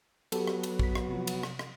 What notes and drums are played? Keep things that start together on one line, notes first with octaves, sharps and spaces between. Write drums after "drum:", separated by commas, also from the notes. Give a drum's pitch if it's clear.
F#3 B3 G4 A4, drum: cymbal
drum: rim click
drum: cymbal
A#1 B6, drum: kick
drum: rim click
C3 F3
drum: cymbal
drum: rim click
drum: rim click